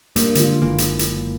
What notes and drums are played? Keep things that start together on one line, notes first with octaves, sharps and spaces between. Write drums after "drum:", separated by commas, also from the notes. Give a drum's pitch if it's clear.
G2 A#3, drum: hi-hat
D3 G#3 F4, drum: hi-hat
F#1 E3 A#3
drum: hi-hat
drum: hi-hat